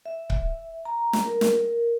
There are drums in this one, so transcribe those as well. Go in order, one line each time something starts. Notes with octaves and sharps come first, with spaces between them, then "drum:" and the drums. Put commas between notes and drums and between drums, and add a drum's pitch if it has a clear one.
E5
drum: kick C#1
A#5
drum: snare
A#4
drum: snare